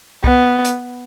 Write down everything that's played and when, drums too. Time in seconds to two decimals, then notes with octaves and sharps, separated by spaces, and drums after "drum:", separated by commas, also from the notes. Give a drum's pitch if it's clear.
0.24 B3, drum: kick C2
0.65 drum: hi-hat